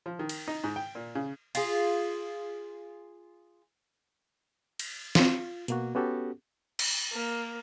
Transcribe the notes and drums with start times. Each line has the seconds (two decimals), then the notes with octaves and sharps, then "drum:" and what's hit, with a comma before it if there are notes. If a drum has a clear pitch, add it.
0.06 F3
0.19 D#3
0.29 drum: cymbal
0.48 D#4
0.64 G#2
0.76 G5
0.95 A#2
1.15 C#3
1.55 F4 G#4, drum: cymbal
4.79 drum: cymbal
5.15 F4, drum: snare
5.68 B2 A#3 F#4, drum: hi-hat
5.95 B3 C#4 F#4 G4 A4
6.79 drum: cymbal
7.13 A#3